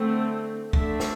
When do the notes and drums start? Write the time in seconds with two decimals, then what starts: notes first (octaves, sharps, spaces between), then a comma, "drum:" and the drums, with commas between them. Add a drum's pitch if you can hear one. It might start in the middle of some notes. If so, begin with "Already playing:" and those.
Already playing: D3 A3 C4
0.73 D3 A3 D4 E5, drum: kick
1.00 drum: snare